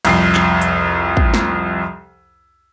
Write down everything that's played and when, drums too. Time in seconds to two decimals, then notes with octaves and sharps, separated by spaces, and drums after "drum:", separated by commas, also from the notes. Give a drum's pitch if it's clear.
0.05 C2 F2 C7, drum: cymbal
0.35 drum: clap
0.62 drum: hi-hat
1.17 drum: kick
1.34 drum: snare